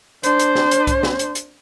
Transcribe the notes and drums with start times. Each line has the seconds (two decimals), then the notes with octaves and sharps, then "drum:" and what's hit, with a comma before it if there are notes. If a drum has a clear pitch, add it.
0.23 D4 C5, drum: hi-hat
0.39 drum: hi-hat
0.55 drum: snare
0.71 drum: hi-hat
0.87 drum: kick C2, hi-hat
1.03 drum: snare
1.19 drum: hi-hat
1.35 drum: hi-hat